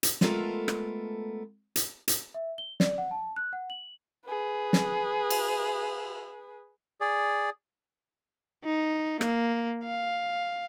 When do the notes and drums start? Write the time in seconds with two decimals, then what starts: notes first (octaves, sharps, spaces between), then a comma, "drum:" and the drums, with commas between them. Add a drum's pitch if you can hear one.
0.03 drum: hi-hat
0.21 G#3 A3 B3 F4 A4 A#4, drum: snare
0.68 drum: rim click
1.76 drum: hi-hat
2.08 drum: hi-hat
2.34 E5
2.58 G7
2.80 D5, drum: snare
2.98 F#5
3.11 A5
3.36 F#6
3.53 F#5
3.70 F#7
4.26 G#4 B4
4.73 drum: snare
5.30 drum: cymbal
7.01 G#4 D5
8.65 D#4
9.21 A#3, drum: rim click
9.84 F5